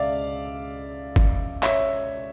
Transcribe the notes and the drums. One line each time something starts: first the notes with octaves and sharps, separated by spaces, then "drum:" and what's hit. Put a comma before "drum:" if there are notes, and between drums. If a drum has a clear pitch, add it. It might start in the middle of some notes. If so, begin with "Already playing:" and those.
Already playing: C#2 C#3 D5 E5 F5
drum: kick
C#5 E5, drum: clap